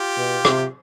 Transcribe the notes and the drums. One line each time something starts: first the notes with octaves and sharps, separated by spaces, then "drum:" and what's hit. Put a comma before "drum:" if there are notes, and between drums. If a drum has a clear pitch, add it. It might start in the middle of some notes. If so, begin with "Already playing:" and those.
Already playing: F4 G4
B2
C3, drum: rim click